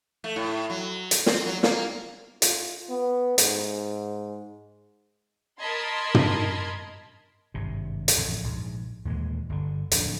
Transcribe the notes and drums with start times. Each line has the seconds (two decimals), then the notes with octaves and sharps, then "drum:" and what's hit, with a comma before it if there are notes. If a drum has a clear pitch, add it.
0.24 A3
0.36 A2
0.70 F#3
1.11 drum: hi-hat
1.26 C4, drum: snare
1.46 F#3
1.63 A#3, drum: snare
2.42 F4, drum: hi-hat
2.90 B3
3.38 G#2, drum: hi-hat
5.57 A#4 D#5 A5 B5 C6 G#6
6.15 drum: tom
7.54 G#1 G2 C3
8.08 drum: hi-hat
8.17 A1 F2 A2
8.43 A#1 G#2
9.05 D#2 A#2 E3 G#3
9.50 G1 D3
9.92 D1 F2 D4, drum: hi-hat